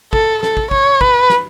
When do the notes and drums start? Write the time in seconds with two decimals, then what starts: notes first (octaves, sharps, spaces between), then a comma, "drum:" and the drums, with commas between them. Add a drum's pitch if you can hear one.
0.13 A4, drum: kick
0.43 A4, drum: snare
0.57 drum: kick
0.71 C#5, drum: kick
1.01 B4, drum: kick
1.30 drum: snare